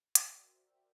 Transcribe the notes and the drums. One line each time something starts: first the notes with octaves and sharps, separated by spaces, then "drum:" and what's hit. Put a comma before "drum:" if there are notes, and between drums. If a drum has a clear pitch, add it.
F#4 A#4 C5 D5 E5 G5, drum: hi-hat